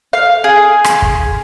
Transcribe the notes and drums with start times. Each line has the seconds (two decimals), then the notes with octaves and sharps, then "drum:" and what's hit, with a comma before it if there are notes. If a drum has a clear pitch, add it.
0.13 F5
0.44 G#4
0.84 drum: rim click
1.02 drum: kick